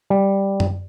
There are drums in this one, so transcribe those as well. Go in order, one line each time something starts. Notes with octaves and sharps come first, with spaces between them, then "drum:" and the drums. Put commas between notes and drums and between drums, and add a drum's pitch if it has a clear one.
G3
drum: tom F#2